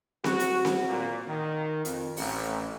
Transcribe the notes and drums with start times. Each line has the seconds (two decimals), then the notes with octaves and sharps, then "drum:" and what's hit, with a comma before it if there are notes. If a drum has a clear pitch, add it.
0.24 F#4, drum: snare C4
0.40 drum: hi-hat
0.65 drum: snare C4
0.88 A#2
1.27 D#3
1.85 F2, drum: hi-hat
2.17 A1, drum: open hi-hat